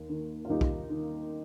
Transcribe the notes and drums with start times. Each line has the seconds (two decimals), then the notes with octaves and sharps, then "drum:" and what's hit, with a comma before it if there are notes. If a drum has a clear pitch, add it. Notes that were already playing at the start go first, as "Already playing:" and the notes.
Already playing: D#2
0.09 D#3
0.45 F4
0.49 D#2 D#4 G4
0.61 drum: kick
0.90 D#3